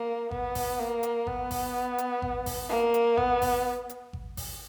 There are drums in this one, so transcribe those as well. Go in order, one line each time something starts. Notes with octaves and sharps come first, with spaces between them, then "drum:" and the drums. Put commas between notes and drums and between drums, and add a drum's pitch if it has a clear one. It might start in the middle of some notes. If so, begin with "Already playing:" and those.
Already playing: A#3
B3, drum: kick G#1
drum: kick G#1, open hi-hat
A#3
drum: hi-hat
B3, drum: kick G#1
drum: kick G#1, open hi-hat
drum: hi-hat
drum: kick G#1
drum: kick G#1, open hi-hat
A#3
drum: hi-hat
B3, drum: kick G#1
drum: kick G#1, open hi-hat
drum: hi-hat
drum: kick G#1
drum: kick G#1, open hi-hat